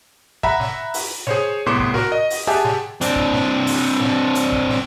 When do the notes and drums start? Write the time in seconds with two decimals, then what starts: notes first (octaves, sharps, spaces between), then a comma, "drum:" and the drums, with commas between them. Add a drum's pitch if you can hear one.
0.43 E5 F#5 A#5 B5, drum: kick
0.60 drum: snare
0.94 drum: open hi-hat
1.27 G#4 C5 C#5, drum: snare
1.66 C2 A2 B3 C6 D6 E7
1.79 drum: kick
1.94 F#4 A#4, drum: snare
2.12 D#5
2.30 drum: open hi-hat
2.47 G4 G#4 E5 F#5 G#5 A5
2.64 drum: snare
3.01 C4 D4, drum: hi-hat
3.16 drum: kick
3.33 drum: snare
3.67 drum: open hi-hat
4.01 drum: snare
4.35 drum: hi-hat
4.52 drum: kick
4.69 drum: snare